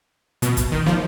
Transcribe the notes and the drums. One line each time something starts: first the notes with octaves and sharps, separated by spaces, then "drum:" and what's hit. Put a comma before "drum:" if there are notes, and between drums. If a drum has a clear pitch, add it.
B2, drum: hi-hat
drum: kick, hi-hat
D#3
F3, drum: snare